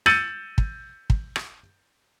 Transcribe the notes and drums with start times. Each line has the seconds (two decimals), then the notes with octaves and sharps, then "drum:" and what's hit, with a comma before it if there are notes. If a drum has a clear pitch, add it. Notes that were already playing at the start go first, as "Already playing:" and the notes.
0.06 E6 G6 A6 C#7 D#7 F#7, drum: rim click
0.58 drum: kick
1.10 drum: kick
1.36 drum: rim click